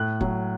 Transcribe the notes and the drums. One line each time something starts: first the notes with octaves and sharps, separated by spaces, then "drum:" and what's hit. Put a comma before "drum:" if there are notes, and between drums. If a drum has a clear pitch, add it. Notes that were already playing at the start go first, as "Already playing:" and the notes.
Already playing: A2 F#6
F#3, drum: kick F#1